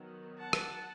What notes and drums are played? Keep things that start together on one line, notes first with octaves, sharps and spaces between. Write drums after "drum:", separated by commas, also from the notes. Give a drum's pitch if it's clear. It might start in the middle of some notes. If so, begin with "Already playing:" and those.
Already playing: D#3 F#3 B3
F#5 A5
drum: rim click